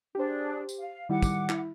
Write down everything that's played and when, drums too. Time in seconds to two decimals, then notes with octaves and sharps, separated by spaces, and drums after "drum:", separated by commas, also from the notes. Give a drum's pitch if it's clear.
0.15 D4 G4 G#4 C5
0.69 drum: tambourine
0.79 F5
1.09 D#3 G3 E4 F#5 D6
1.22 drum: kick, tambourine
1.49 E4, drum: clap